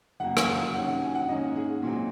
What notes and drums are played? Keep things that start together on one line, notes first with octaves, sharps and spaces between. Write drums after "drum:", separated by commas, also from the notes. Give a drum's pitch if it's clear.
F#2 C#3 F#3 A#3 F#5
F5, drum: rim click
F#5
C3 D#3 F#3 C#4 F#5
F#5
G#5
F#5
G#2 D#3 A#3 C#4 D#5
G#4
A#2 F#3 C4